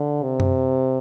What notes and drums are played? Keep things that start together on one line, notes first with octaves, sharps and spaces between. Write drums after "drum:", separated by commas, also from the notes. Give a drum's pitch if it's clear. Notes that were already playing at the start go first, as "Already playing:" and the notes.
Already playing: D3
C3
drum: tom F#2